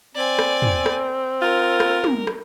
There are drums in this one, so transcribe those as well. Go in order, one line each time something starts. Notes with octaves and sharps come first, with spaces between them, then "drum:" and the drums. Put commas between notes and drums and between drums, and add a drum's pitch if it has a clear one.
C4 D5 G#5
drum: rim click
drum: tom
drum: rim click
F4 A#4
drum: rim click
drum: tom
drum: rim click